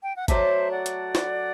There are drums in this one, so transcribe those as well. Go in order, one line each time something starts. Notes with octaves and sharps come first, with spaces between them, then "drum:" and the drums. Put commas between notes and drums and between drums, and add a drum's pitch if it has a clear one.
G5
F#5
F#3 A3 D4 A4 C5 E5, drum: kick, hi-hat
D5 F#5
drum: hi-hat
drum: snare